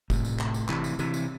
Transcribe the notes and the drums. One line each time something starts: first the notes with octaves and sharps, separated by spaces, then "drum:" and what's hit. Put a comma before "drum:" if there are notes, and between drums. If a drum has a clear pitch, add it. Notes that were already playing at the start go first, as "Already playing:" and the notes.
A2 C3, drum: kick, tambourine
drum: tambourine
drum: clap
drum: tambourine
C3 E3, drum: clap
drum: tambourine
C3 E3, drum: tambourine
drum: tambourine